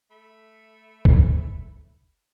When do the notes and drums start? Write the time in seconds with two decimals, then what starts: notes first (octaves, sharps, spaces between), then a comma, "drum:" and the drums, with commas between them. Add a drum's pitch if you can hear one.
0.10 A3 B5
1.05 drum: kick F#1